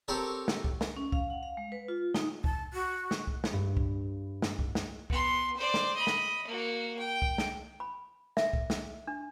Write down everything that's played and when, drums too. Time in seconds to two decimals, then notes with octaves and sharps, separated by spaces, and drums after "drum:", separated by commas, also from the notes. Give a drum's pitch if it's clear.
0.08 C4 G4 A4 A#4 C#5
0.48 drum: snare
0.64 drum: kick C2
0.81 drum: snare
0.96 C#4
1.12 F5, drum: kick C2
1.30 F#5
1.43 F5
1.57 G#3
1.72 B4
1.88 F4
2.14 D#4, drum: snare
2.44 A5, drum: kick C2
2.73 F#4
3.11 drum: snare
3.27 drum: kick C2
3.44 drum: snare
3.53 G2
3.77 drum: kick C2
4.42 drum: snare
4.59 drum: kick C2
4.75 drum: snare
5.10 B3 C6, drum: kick C2
5.56 C5 D5
5.74 drum: snare
5.96 D#5 B5
6.07 drum: snare
6.47 A#3 F#4
6.98 G5
7.22 drum: kick C2
7.38 drum: snare
7.80 B5
8.37 E5, drum: snare
8.53 drum: kick C2
8.70 drum: snare
9.07 D4